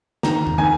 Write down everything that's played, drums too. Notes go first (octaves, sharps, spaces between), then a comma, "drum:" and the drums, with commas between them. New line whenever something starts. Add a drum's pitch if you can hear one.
D#3 A#5, drum: snare
drum: tom E2
D#3 G#5